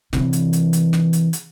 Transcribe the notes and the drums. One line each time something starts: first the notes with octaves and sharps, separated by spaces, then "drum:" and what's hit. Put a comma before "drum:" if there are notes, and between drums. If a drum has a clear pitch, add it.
C3 E3, drum: snare
drum: hi-hat
drum: hi-hat
drum: hi-hat
drum: snare
drum: hi-hat
drum: hi-hat